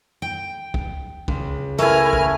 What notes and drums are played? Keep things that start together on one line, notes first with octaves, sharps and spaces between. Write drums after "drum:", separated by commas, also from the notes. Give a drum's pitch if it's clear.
G5
drum: kick
C#2 G#3, drum: kick
A3 E4 A#4 B4 G#5 F6, drum: hi-hat
drum: kick